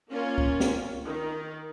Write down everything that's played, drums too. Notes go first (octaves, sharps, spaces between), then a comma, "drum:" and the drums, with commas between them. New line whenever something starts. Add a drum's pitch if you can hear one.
A#3 C#4 F4
drum: kick C#2
drum: snare
D#3